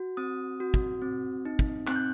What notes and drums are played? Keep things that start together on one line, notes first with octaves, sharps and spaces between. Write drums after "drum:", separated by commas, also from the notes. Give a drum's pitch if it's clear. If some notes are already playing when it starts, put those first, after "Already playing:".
Already playing: F#4
C4 D#6
F#4
drum: kick
C4
D#4
drum: kick
C4 F#6, drum: clap
G6